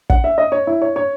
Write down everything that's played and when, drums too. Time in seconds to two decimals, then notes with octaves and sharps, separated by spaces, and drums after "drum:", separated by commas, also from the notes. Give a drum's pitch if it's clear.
0.10 F#5, drum: kick
0.24 E5
0.38 D#5
0.52 C#5
0.67 E4
0.82 C#5
0.96 C#5